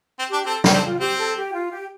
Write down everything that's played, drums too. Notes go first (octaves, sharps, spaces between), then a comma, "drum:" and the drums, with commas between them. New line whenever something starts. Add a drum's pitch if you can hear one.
C4
D4 G4
C4 A4
drum: snare
C4 A4
F4
C4 G4
A4
G4
F4
G4